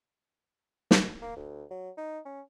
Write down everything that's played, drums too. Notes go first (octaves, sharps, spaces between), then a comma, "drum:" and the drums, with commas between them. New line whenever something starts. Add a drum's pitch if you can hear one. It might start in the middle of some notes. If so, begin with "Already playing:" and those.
drum: snare
A#3
D2
F#3
D#4
C#4